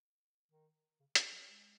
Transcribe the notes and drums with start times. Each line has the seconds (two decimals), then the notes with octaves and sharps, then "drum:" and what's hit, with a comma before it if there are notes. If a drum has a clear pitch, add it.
0.51 D#3
1.00 C#3
1.15 E3, drum: hi-hat
1.31 F#3
1.47 G#3